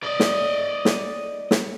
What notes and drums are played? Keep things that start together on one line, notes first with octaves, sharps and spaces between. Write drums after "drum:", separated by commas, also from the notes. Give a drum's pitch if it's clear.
D5 D#5
drum: snare
drum: snare
drum: snare